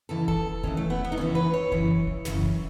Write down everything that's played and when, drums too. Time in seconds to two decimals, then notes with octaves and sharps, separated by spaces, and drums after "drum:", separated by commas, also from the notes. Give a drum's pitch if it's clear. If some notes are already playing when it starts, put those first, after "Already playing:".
0.09 D#2 C#3 E3 A4
0.28 A4, drum: kick E1
0.63 D#2 C#3 E3 C#4, drum: kick E1
0.77 A3
0.90 B3
1.05 B3
1.12 D#4
1.17 D#2 C#3 E3 C#4
1.35 B4
1.54 C#5
1.72 F#2 C#3 E3, drum: kick E1
2.07 drum: kick E1
2.25 F#2 C#3 E3, drum: snare
2.43 drum: kick E1